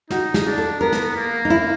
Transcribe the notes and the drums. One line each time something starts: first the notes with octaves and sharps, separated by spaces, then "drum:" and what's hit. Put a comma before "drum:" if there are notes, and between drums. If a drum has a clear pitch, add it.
D#4 F#4, drum: snare
G#4, drum: snare
D4
A4
B3 A#4
drum: snare
A#3
D#4
E4